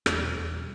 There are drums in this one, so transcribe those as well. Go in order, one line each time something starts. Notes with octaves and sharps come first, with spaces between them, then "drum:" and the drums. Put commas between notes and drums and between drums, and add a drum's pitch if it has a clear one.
E2, drum: rim click
B2
E2
G3